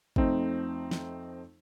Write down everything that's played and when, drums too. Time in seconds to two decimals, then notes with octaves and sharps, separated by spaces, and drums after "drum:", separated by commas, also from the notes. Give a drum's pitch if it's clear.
0.16 F2 A3 C4 D#4, drum: kick
0.91 drum: snare